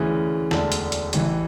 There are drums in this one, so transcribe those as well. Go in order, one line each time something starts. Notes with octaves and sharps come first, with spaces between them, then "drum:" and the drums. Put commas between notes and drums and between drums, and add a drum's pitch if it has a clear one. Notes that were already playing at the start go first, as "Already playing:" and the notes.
Already playing: D2 C#3 E3
E1 D2 D3 A5, drum: snare
drum: hi-hat
drum: hi-hat
A1 A2 E3, drum: hi-hat